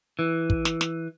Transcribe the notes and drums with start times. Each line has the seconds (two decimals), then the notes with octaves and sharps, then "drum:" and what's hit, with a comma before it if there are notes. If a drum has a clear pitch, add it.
0.19 E3
0.50 drum: kick
0.65 drum: snare
0.81 drum: snare